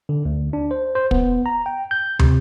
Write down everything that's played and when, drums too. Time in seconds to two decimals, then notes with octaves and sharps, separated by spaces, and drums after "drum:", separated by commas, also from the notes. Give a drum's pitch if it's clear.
0.09 D3
0.25 D2
0.53 D4
0.71 C5
0.95 C5
1.11 B3, drum: kick
1.46 A#5
1.66 G5
1.91 G6
2.19 C3, drum: tom